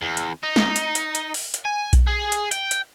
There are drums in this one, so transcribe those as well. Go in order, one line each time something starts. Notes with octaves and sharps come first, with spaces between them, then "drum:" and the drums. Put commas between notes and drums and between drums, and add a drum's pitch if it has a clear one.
E2
drum: hi-hat
D#4
drum: snare
drum: hi-hat
drum: hi-hat
drum: hi-hat
drum: open hi-hat
drum: hi-hat
G#5
drum: kick B1, hi-hat
G#4
drum: hi-hat
G5, drum: hi-hat
drum: hi-hat